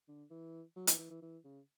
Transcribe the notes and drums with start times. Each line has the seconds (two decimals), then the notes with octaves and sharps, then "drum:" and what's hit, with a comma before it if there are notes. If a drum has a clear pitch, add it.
0.08 D3
0.30 E3
0.76 F#3
0.87 E3, drum: hi-hat
0.98 E3
1.10 E3
1.22 E3
1.44 C#3